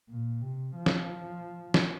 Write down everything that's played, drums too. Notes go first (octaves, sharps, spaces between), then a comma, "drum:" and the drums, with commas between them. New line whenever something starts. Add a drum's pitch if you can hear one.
A#2
C3
F3
drum: snare
drum: snare